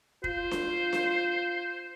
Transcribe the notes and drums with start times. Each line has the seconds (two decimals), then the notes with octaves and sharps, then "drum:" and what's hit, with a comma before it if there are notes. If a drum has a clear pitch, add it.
0.24 F4 C5, drum: kick
0.51 drum: snare D4
0.93 drum: snare D4